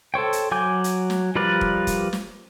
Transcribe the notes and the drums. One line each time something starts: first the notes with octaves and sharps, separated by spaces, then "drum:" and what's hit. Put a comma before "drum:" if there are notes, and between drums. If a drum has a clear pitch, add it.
A4 C5 C#5 G5
drum: hi-hat
F#3 G#5 D6 G6
drum: hi-hat
drum: snare
F3 G3 A#4 B4 D5
drum: kick E1
drum: kick E1, hi-hat
drum: snare